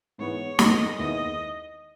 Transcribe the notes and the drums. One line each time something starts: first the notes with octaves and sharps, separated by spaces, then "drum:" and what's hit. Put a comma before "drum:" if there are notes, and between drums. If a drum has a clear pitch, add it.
G#2 E3 G#3 B3 C#5
G#2 E3 G#3 B3 D#5, drum: snare
D#2 D#3 G#3 B3 E4 D#5